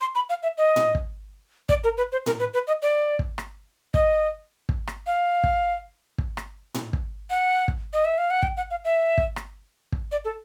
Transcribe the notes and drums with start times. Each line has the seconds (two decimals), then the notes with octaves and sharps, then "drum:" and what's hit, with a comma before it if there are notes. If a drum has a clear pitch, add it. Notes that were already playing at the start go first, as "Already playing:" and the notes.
0.01 C6
0.15 B5
0.30 F5
0.43 E5
0.58 D#5
0.76 drum: tom A2
0.95 drum: kick
1.69 D5, drum: kick
1.84 A#4
1.98 B4
2.12 C5
2.26 A#4, drum: tom A2
2.39 B4
2.53 B4
2.67 D#5
2.82 D5
3.19 drum: kick
3.38 drum: rim click
3.94 D#5, drum: kick
4.69 drum: kick
4.87 drum: rim click
5.07 F5
5.44 drum: kick
6.18 drum: kick
6.37 drum: rim click
6.74 drum: tom A2
6.93 drum: kick
7.30 F#5
7.68 drum: kick
7.93 D#5
8.05 E5
8.18 F5
8.30 F#5
8.43 G5, drum: kick
8.57 F#5
8.71 F5
8.85 E5
9.18 drum: kick
9.36 drum: rim click
9.92 drum: kick
10.12 D5
10.25 A4